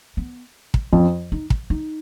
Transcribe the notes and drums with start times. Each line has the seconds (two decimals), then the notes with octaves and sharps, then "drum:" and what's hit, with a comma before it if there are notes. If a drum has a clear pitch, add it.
0.17 B3
0.74 drum: kick
0.92 F2 F3 C#4
1.32 D#4
1.50 drum: kick
1.70 D#4